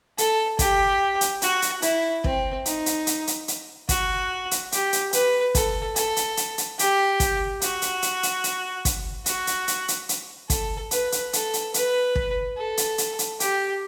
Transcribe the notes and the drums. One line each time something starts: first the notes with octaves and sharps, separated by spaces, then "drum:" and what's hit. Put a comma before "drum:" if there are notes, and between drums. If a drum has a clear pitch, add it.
A4, drum: hi-hat
G4, drum: kick, hi-hat
drum: hi-hat
F#4, drum: hi-hat
drum: hi-hat
E4, drum: hi-hat
C4, drum: kick
D#4, drum: hi-hat
drum: hi-hat
drum: hi-hat
drum: hi-hat
drum: hi-hat
F#4, drum: kick, hi-hat
drum: hi-hat
G4, drum: hi-hat
drum: hi-hat
B4, drum: hi-hat
A4, drum: kick, hi-hat
A4, drum: hi-hat
drum: hi-hat
drum: hi-hat
drum: hi-hat
G4, drum: hi-hat
drum: kick, hi-hat
F#4, drum: hi-hat
drum: hi-hat
drum: hi-hat
drum: hi-hat
drum: hi-hat
drum: kick, hi-hat
F#4, drum: hi-hat
drum: hi-hat
drum: hi-hat
drum: hi-hat
drum: hi-hat
A4, drum: kick, hi-hat
B4, drum: hi-hat
drum: hi-hat
A4, drum: hi-hat
drum: hi-hat
B4, drum: hi-hat
drum: kick
A4
drum: hi-hat
drum: hi-hat
drum: hi-hat
G4, drum: hi-hat